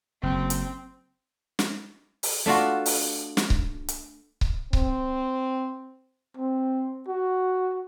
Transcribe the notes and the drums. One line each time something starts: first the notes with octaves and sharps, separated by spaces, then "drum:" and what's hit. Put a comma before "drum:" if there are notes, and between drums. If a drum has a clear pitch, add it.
F#1 F#2 C4
drum: hi-hat
drum: snare
drum: open hi-hat
A3 D4 F4 F#4
drum: open hi-hat
drum: snare
drum: kick C#1
drum: hi-hat
drum: kick C#1
C4, drum: kick C#1
C4
F#4